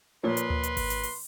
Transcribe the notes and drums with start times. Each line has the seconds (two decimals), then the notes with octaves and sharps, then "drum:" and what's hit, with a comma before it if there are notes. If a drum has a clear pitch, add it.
0.23 A#2 F3 B4 C#5 C6
0.37 drum: hi-hat
0.50 drum: tom D2
0.63 drum: hi-hat
0.77 drum: kick G#1, open hi-hat
0.90 drum: hi-hat
1.03 drum: open hi-hat